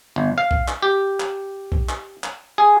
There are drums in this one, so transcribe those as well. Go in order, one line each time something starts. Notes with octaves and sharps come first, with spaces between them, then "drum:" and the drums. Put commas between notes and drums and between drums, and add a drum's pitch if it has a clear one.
G1
F5
drum: kick B1
drum: clap
G4
drum: clap
drum: kick B1
drum: clap
drum: clap
G#4